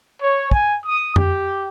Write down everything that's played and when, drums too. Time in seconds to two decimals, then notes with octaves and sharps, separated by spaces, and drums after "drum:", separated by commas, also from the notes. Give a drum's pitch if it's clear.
0.21 C#5
0.51 G#5, drum: kick
0.86 D#6
1.16 G4, drum: tom F2